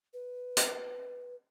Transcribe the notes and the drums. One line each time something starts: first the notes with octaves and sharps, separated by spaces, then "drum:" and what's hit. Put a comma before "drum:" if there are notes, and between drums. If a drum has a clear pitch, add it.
B4
drum: hi-hat